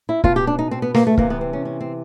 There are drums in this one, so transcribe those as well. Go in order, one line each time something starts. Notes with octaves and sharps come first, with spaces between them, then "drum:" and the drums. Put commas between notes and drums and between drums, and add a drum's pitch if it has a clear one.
E4
B2 F4, drum: kick
G4
D4
D#4
C4
B3
A#3, drum: snare
A3
C3 E3 A#3, drum: kick
B3
C4
C#4
C#4
C4